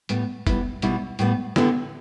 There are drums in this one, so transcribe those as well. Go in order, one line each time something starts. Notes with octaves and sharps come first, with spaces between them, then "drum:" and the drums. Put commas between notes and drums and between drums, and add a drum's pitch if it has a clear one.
A2 G3 B3, drum: hi-hat
G3 B3 E4, drum: kick, hi-hat
B2 G3 B3 E4, drum: hi-hat
A2 G3 B3, drum: hi-hat
D3 B3 E4 G4, drum: snare